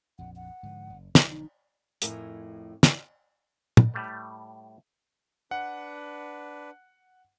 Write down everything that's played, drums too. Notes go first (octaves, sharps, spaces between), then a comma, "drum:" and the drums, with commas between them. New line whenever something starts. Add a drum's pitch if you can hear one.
A#1 F2 F#5
F#5
G#2 D3 F3
F#1
E1 D3 F3, drum: snare
D#4
F2 A2 A#4 G#5, drum: hi-hat
drum: snare
drum: tom
A2 G3 A3
D4 B4 F#5